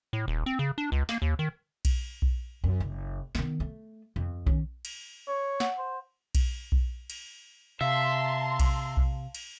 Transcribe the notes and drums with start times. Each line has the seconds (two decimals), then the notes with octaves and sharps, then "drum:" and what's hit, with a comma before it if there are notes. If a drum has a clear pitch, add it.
0.13 A2
0.28 D#1
0.46 C4
0.59 C#3
0.78 D4
0.92 C#2
1.09 A#3, drum: snare
1.22 D#2
1.39 D#3
1.85 drum: kick B1, cymbal
2.22 drum: kick B1
2.64 F#2
2.80 F#1
3.35 D#3 B3, drum: snare
3.60 A3
4.16 F2
4.46 D#3 C#4, drum: kick B1
4.85 drum: cymbal
5.28 C#5
5.60 F#5, drum: snare
5.78 C5
6.35 drum: kick B1, cymbal
6.72 drum: kick B1
7.10 drum: cymbal
7.81 C3 E5 F5 A5 A#5 C6
8.60 drum: kick B1, cymbal
8.97 drum: kick B1
9.35 drum: cymbal